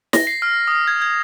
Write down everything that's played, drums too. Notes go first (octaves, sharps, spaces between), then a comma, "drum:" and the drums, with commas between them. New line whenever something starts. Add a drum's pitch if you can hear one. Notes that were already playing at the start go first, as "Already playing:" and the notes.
A#6, drum: snare
C7
F6
D#6
F6
G#6
G#6